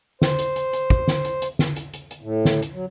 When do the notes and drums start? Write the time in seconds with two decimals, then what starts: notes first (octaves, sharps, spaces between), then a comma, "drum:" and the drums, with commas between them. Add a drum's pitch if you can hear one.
0.22 C5, drum: snare
0.39 drum: hi-hat
0.56 drum: hi-hat
0.73 drum: hi-hat
0.90 drum: kick
1.08 drum: snare
1.25 drum: hi-hat
1.42 drum: hi-hat
1.59 drum: snare
1.76 drum: hi-hat
1.94 drum: hi-hat
2.11 drum: hi-hat
2.21 A2
2.45 drum: snare
2.62 drum: hi-hat
2.72 F#3